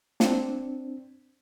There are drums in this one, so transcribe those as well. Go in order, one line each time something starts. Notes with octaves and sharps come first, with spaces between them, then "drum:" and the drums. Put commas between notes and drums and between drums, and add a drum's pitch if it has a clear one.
C4 D4, drum: snare